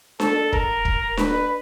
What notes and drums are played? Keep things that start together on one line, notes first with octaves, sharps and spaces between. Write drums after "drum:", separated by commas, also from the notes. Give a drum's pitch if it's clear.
A4, drum: snare D4
A#4, drum: kick
drum: kick
B4, drum: snare D4